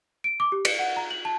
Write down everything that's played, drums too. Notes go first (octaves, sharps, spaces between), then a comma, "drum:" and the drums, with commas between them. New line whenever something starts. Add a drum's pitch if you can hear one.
D7
D6
G4
C#7, drum: cymbal
F#5
A#5
F#7
A5